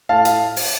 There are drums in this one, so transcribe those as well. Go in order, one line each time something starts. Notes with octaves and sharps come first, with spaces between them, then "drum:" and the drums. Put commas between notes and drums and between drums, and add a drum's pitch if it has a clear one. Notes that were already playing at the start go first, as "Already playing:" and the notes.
A2 F5 A5
drum: hi-hat
drum: open hi-hat